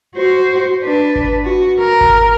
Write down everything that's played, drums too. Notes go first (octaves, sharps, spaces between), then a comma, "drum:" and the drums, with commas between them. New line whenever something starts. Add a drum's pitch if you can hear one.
F#4 C5
D4 B4
drum: kick G#1
F#4
A#4
drum: kick G#1